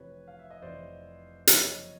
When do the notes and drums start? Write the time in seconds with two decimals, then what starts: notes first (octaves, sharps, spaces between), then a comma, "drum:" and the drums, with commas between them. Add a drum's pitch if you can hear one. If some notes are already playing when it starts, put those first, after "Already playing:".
Already playing: F1 F2 C3 E3 B4 C#5
0.28 F5
0.39 E5
0.51 D#5
0.62 F1 F2 C3 E3 C5 D5
1.47 F#1 F2 C3 F3 C#5 D#5, drum: hi-hat